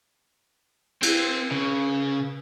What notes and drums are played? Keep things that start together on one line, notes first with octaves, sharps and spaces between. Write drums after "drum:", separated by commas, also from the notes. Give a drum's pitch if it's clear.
C4, drum: cymbal
C#3